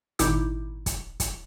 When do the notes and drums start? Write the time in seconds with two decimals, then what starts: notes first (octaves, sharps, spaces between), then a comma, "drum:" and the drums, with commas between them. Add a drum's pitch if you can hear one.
0.19 G#1 A#2 D#4 E4 D6 G6, drum: hi-hat
0.86 drum: kick, hi-hat
1.20 drum: kick, hi-hat